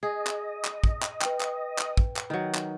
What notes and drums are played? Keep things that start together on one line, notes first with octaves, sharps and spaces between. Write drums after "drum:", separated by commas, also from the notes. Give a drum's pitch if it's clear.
G#4 D#5
drum: clap
drum: clap
drum: kick
drum: clap
B4 G5, drum: clap
drum: clap
drum: clap
drum: kick
drum: clap
D#3 F#3
drum: clap